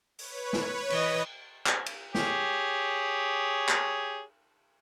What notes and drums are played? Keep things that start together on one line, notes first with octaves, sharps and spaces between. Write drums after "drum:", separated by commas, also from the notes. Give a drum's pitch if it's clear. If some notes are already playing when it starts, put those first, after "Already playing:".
B4 C#5, drum: open hi-hat
drum: snare
E3 D#5, drum: cymbal
drum: clap
drum: cymbal
G4 G#4 C#5, drum: snare
drum: clap